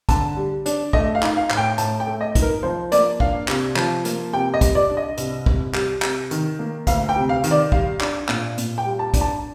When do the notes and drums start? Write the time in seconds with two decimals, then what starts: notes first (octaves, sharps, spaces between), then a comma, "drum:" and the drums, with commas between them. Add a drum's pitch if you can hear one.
0.09 D3 A5, drum: kick, hi-hat
0.37 G3
0.66 D4, drum: hi-hat
0.93 A3 D#5, drum: kick
1.15 F5
1.22 D#4, drum: clap
1.37 F5
1.50 A2, drum: clap
1.57 G5
1.78 A2 A5, drum: hi-hat
2.00 G5
2.07 A3
2.21 D#5
2.35 D#4, drum: kick, hi-hat
2.42 A#4
2.63 F3 C5
2.92 A#3 D5, drum: hi-hat
3.20 D4 F5, drum: kick
3.48 C3, drum: clap
3.76 F3, drum: clap
4.05 A#3, drum: hi-hat
4.33 C3 G5
4.54 D#5
4.61 G3, drum: kick, hi-hat
4.75 D5
4.90 D4
4.97 D#5
5.17 C2, drum: hi-hat
5.46 C3, drum: kick
5.74 G3, drum: clap
6.02 C3, drum: clap
6.31 D#3, drum: hi-hat
6.59 A#3
6.87 D2 F5, drum: kick, hi-hat
7.09 G5
7.16 C3
7.29 F5
7.44 D#3, drum: hi-hat
7.51 D5
7.72 G3 F5, drum: kick
8.00 D4, drum: clap
8.29 A#2, drum: clap
8.58 A#2, drum: hi-hat
8.78 G5
8.85 G3
8.99 A5
9.14 D4, drum: kick, hi-hat
9.21 A5